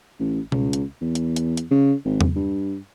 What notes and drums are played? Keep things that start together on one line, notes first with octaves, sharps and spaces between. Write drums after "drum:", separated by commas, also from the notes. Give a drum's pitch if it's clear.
A1
C#2, drum: tom B2
drum: hi-hat
E2
drum: hi-hat
drum: hi-hat
drum: hi-hat
C#3
G#1
drum: tom E2
G2